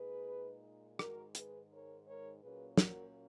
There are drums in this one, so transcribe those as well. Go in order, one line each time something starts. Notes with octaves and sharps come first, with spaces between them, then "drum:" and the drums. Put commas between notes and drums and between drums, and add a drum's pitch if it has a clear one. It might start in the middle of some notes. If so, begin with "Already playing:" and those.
Already playing: A#2 G#3 D#4 G#4 B4
G#2 D#3 G#3 F#4 A#4, drum: rim click
G#4 B4, drum: hi-hat
A#4 C#5
A#4 C#5
A#2 F#3 A#3 C#4 G#4 B4
F#4 A#4, drum: snare